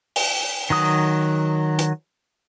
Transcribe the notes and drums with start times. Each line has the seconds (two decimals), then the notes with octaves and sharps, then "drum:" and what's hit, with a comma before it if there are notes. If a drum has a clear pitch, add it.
0.16 drum: open hi-hat
0.70 D#3 F#3 D#6
1.79 drum: hi-hat